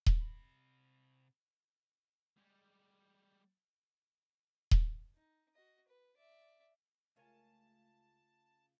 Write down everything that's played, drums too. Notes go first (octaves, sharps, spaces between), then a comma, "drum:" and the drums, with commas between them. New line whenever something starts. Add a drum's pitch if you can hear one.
drum: kick D#1
C3 B5
G3 G#3
drum: kick D#1
D#4
F#4 D#5
B4
D5 E5
C#2 C#3 A3 F4 A#4 C#5 G#5 A5